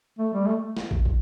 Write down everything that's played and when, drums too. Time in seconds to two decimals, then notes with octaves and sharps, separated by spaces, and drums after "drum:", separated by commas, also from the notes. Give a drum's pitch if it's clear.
0.19 A3
0.34 G3
0.47 A3
0.77 drum: snare
0.91 drum: kick
1.05 drum: kick